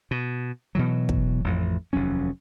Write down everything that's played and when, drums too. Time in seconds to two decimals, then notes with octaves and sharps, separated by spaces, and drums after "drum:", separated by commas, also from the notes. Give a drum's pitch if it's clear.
0.11 B2
0.75 B2 E3 F#3
1.09 drum: kick
1.44 A1 F2
1.93 F1 D#2 F#3 C#4